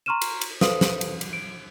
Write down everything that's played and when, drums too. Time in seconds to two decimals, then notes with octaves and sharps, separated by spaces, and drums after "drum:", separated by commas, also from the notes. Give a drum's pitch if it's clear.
0.06 A#5 C6 C#6 F6 D#7 E7
0.22 drum: cymbal
0.41 drum: cymbal
0.61 A4 B4 C5 F5 D#6, drum: snare
0.81 drum: snare
1.01 drum: cymbal
1.21 drum: cymbal
1.33 D7